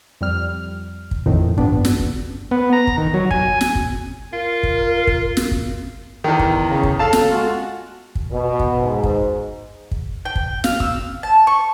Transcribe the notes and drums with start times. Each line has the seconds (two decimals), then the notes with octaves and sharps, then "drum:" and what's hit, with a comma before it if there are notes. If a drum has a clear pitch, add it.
0.21 F2 G3 F6
1.11 drum: kick
1.26 A#1 F2 A2 D#3
1.58 G2 B3 D4, drum: kick
1.85 drum: snare
1.99 drum: kick
2.51 B3
2.73 A#5
2.87 drum: kick
2.98 D#3
3.14 F#3
3.31 G#5, drum: kick
3.61 drum: snare
3.75 drum: kick
4.33 F4 A#4
4.63 drum: kick
5.07 drum: kick
5.37 drum: snare
5.51 drum: kick
6.24 E2 D#3
6.39 drum: kick
6.69 C#3
6.83 drum: kick
6.99 A4 F5 A5
7.13 drum: snare
7.31 G#3 F4 F#4
8.15 drum: kick
8.31 B2
8.59 drum: kick
8.80 G#2
9.03 drum: kick
9.91 drum: kick
10.25 G5
10.35 drum: kick
10.64 F5, drum: snare
10.80 E6, drum: kick
11.23 A5
11.47 C#6